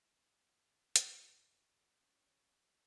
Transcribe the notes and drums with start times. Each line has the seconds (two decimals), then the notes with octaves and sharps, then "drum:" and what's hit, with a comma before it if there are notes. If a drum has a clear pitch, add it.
0.96 drum: hi-hat
1.32 F#2
2.00 C#4 G4